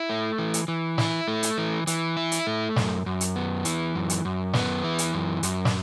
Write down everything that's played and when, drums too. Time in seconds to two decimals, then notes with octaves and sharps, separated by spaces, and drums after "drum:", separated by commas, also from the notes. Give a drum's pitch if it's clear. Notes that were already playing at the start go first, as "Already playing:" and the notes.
Already playing: E4
0.10 A3
0.38 E3
0.54 drum: hi-hat
0.68 E3
0.98 E4, drum: snare
1.28 A3
1.43 drum: hi-hat
1.58 E3
1.87 E3, drum: hi-hat
2.17 E4
2.32 drum: hi-hat
2.47 A3
2.76 F#2, drum: snare
3.06 F#2
3.21 drum: hi-hat
3.36 B3
3.65 E3, drum: hi-hat
3.95 F#2
4.10 drum: hi-hat
4.25 F#2
4.54 B3, drum: snare
4.84 E3
4.98 drum: hi-hat
5.14 F#2
5.43 F#2, drum: hi-hat
5.65 drum: snare